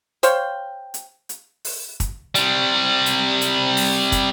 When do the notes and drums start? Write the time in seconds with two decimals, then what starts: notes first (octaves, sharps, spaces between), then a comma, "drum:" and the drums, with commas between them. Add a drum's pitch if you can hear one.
0.23 C5 C#5 F5 G5, drum: hi-hat
0.94 drum: hi-hat
1.29 drum: hi-hat
1.65 drum: open hi-hat
2.00 drum: kick, hi-hat
2.35 C3 G3, drum: hi-hat
3.06 drum: hi-hat
3.41 drum: hi-hat
3.77 drum: open hi-hat
4.12 drum: kick, hi-hat